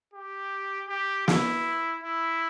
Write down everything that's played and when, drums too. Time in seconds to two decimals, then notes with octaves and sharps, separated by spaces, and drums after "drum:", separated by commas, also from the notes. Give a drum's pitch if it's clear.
0.14 G4
0.89 G4
1.28 E4, drum: snare
2.04 E4